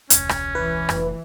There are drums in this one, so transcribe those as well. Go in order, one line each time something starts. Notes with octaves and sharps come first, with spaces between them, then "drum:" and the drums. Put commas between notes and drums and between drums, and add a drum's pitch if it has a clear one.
E1 C#2 C#4, drum: hi-hat
drum: rim click
E3 B4
F1 A#1, drum: rim click